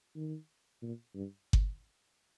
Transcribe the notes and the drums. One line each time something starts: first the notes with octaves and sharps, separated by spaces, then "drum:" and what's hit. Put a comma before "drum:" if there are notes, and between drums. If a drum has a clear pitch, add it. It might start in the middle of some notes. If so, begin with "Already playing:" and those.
D#3
A#2
G2
drum: kick G1